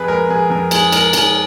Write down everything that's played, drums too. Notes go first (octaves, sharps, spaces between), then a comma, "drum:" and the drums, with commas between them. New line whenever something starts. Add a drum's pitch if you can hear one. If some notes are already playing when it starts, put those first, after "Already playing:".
Already playing: F2 G#4 B4
G#3 A#4
F2 G#4
F2 A#4
G#3 G#4, drum: cymbal
G#3 A#4, drum: cymbal
F2 G#4, drum: cymbal